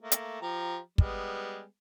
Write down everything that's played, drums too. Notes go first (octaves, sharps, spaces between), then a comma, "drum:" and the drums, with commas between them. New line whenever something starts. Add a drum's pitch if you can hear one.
A3 A#3
drum: hi-hat
F3 G4 A#5
G3 G#3 B3, drum: kick